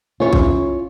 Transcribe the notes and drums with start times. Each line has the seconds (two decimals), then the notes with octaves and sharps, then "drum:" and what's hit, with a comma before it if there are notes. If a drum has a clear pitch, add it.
0.20 C#4 E4 F4 C#5
0.33 drum: kick A1